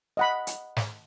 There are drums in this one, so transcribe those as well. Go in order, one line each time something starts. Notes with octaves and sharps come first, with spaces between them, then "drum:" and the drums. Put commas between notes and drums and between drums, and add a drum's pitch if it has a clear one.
D#5 F#5 B5
drum: hi-hat
drum: snare